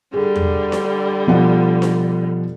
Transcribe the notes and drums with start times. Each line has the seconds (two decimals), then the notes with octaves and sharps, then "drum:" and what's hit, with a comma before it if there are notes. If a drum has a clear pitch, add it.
0.14 D3 G3 G#4
0.36 drum: tom E2
0.72 drum: snare D4
1.27 B2 F3 F#5
1.82 drum: snare D4